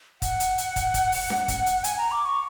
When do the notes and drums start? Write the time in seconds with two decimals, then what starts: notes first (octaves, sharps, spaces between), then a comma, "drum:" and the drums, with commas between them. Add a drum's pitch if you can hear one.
0.22 F#5, drum: kick, hi-hat
0.40 drum: hi-hat
0.58 drum: hi-hat
0.76 drum: kick, hi-hat
0.94 drum: kick, hi-hat
1.12 drum: open hi-hat
1.30 drum: snare C#4
1.48 drum: kick, hi-hat
1.66 drum: hi-hat
1.84 G#5, drum: hi-hat
1.98 A#5
2.11 D6
2.25 C#6